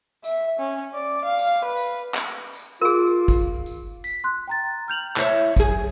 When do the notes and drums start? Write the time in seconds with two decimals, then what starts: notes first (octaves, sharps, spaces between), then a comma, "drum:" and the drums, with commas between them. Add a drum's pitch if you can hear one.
0.24 E5, drum: tambourine
0.59 C#4
0.94 D5
1.24 F5
1.39 drum: tambourine
1.64 B4
1.77 drum: tambourine
2.15 drum: clap
2.52 drum: tambourine
2.81 F4 G#4 A#4
3.28 drum: kick, tambourine
3.66 drum: tambourine
4.04 B6, drum: tambourine
4.24 C6 F#6
4.48 G5 A#5 A6
4.88 F6 G6 F7 F#7
5.17 E4 C5 C#5, drum: clap
5.56 F#2 G#4, drum: kick, tambourine